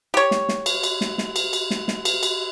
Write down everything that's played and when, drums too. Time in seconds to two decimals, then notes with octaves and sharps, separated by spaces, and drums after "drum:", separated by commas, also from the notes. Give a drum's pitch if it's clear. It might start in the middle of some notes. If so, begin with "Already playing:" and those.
0.14 G4 C#5
0.31 drum: snare
0.49 drum: snare
0.66 drum: cymbal
0.83 drum: cymbal
1.01 drum: snare
1.18 drum: snare
1.36 drum: cymbal
1.53 drum: cymbal
1.71 drum: snare
1.88 drum: snare
2.05 drum: cymbal
2.23 drum: cymbal